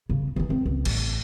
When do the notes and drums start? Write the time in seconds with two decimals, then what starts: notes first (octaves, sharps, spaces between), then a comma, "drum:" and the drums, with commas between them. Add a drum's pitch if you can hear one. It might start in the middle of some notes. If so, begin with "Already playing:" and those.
0.09 C#3
0.36 E3 D#4
0.50 C4
0.66 C#2
0.85 A1, drum: cymbal